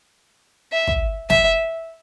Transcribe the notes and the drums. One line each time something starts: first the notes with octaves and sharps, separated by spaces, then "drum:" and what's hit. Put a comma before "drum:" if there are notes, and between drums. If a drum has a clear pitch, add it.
E5
drum: kick
E5, drum: snare